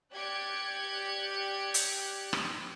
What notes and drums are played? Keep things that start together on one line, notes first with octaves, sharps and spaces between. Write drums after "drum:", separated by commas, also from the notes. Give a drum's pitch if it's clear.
G4 D5 G5 F#6 G#6 C#7
drum: hi-hat
drum: rim click